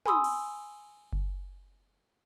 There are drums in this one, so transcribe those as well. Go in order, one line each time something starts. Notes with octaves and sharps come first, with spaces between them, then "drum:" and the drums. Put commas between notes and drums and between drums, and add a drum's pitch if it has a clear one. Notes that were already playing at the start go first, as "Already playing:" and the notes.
G#5 B5 C6 D#6 E6, drum: tom
drum: cymbal
drum: kick F#1